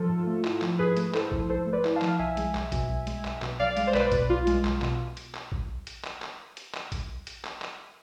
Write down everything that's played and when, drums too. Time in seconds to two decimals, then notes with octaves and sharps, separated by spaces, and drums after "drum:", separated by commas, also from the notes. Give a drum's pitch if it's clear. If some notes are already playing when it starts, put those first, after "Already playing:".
Already playing: F3 F4 A4
0.09 G#2
0.27 A3
0.45 E4, drum: clap
0.61 F3, drum: clap
0.79 G#2 G#4 B4
0.97 A3, drum: hi-hat
1.14 E4 A4 C5, drum: clap
1.32 F3, drum: kick A1
1.49 G#2 A4 C5
1.66 A3
1.73 B4 D5
1.85 E4, drum: clap
1.96 F5 A5
2.02 F3, drum: clap
2.08 F5
2.19 B1 E5 G#5
2.37 G#3, drum: hi-hat
2.55 B1, drum: clap
2.72 B2, drum: kick A1, hi-hat
2.89 B1
3.07 G#3, drum: hi-hat
3.25 B1, drum: clap
3.42 B2, drum: clap
3.59 B1 D5 F5
3.77 G#3, drum: hi-hat
3.87 C5
3.94 B1 B4 D5, drum: clap
4.12 B2, drum: kick A1, hi-hat
4.29 B1 F4
4.47 G#3, drum: hi-hat
4.64 B1, drum: clap
4.82 B2, drum: clap
5.17 drum: hi-hat
5.34 drum: clap
5.52 drum: kick A1
5.87 drum: hi-hat
6.04 drum: clap
6.22 drum: clap
6.57 drum: hi-hat
6.74 drum: clap
6.92 drum: kick A1, hi-hat
7.27 drum: hi-hat
7.44 drum: clap
7.62 drum: clap